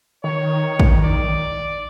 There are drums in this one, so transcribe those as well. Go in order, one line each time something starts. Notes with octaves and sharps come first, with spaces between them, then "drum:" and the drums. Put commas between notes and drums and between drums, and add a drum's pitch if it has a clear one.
D#3 C#5
drum: kick
D5